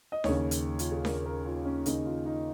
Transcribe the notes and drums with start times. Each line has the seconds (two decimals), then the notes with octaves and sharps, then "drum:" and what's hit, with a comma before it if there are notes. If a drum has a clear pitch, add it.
0.12 D#5
0.24 D#2 C#3 C#5, drum: snare D4
0.51 drum: hi-hat
0.79 F4, drum: hi-hat
0.92 G#4
1.05 A#4, drum: snare D4
1.26 A#4
1.45 F4
1.65 C#4
1.86 D#2 C#3 D#4, drum: hi-hat
2.05 F4
2.26 D#4